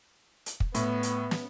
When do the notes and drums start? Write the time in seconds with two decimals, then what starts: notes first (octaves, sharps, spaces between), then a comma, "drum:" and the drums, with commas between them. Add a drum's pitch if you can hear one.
0.46 drum: hi-hat
0.60 drum: kick
0.75 A2 B3, drum: hi-hat
1.03 drum: hi-hat
1.31 drum: snare